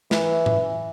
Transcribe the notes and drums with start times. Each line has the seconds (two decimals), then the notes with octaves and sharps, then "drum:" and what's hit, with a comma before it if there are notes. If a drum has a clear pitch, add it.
0.11 E3, drum: snare
0.46 drum: tom A2